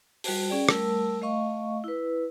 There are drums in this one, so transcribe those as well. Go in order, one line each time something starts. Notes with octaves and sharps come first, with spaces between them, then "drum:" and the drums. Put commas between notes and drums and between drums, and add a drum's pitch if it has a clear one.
G3 F#4 C5 A5, drum: open hi-hat
C#4 G#4 D5 G5
G3 A3 A#4 A5 E6, drum: rim click
A3 D#5 F5 C#6
E4 B4